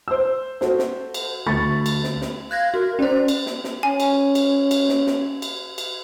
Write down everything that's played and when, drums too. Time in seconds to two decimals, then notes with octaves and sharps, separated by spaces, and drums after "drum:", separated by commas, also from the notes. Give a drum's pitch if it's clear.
0.08 C5 E6
0.61 F#4 A4 C5, drum: snare
0.79 drum: snare
1.14 drum: cymbal
1.47 D2 A3 B5 C#6 A6
1.86 drum: cymbal
2.04 drum: snare
2.21 drum: snare
2.51 F5 F#6 G#6 A#6
2.74 F#4 A#4
2.99 C#4 C5 D5
3.28 drum: cymbal
3.46 drum: snare
3.64 drum: snare
3.83 C#4 G#5
4.00 drum: cymbal
4.35 drum: cymbal
4.71 drum: cymbal
4.89 drum: snare
5.07 drum: snare
5.42 drum: cymbal
5.78 drum: cymbal